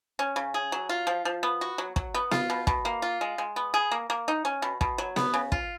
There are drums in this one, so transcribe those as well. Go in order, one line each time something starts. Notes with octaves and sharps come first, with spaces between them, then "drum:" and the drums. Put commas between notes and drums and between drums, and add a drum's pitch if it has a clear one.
C#4
C#3
G#4
F#3
F4
F3
F3
B3
F#4
F#3
F#3, drum: kick
B3
F4, drum: snare B3
B2
B2, drum: kick
A#3
F4
G#3
G#3
B3
G#4
A#3
A#3
D#4
C#4
B2
B2, drum: kick
F#3
B3, drum: snare B3
C#3
F4, drum: kick